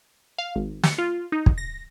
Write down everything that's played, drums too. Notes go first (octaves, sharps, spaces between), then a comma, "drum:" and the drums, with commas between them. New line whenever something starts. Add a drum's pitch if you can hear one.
F5
G#1
C#7, drum: snare
F4
D#4
drum: kick
A#6